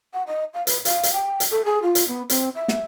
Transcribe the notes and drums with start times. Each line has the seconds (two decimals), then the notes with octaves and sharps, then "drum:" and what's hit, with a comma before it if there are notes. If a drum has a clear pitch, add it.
0.13 F#5
0.27 D#5
0.54 F5
0.67 B4, drum: hi-hat
0.85 F5, drum: hi-hat
1.03 drum: hi-hat
1.13 G5
1.40 drum: hi-hat
1.51 A4
1.65 G#4
1.83 F4
1.95 drum: hi-hat
2.08 B3
2.30 C4, drum: hi-hat
2.55 E5
2.68 drum: snare